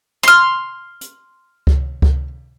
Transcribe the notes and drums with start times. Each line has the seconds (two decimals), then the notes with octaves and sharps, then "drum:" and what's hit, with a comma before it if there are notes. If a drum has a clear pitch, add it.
0.23 C6 F6, drum: snare
1.01 drum: hi-hat
1.67 drum: kick C#2
2.02 drum: kick C#2